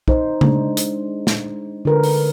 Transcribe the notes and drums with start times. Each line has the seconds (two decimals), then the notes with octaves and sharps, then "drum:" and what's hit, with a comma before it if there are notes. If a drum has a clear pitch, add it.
0.08 D#4 C5, drum: kick
0.41 G#3 D4, drum: tom C#3
0.77 drum: hi-hat
1.27 drum: snare
1.85 D3 A#4 B4
2.03 drum: open hi-hat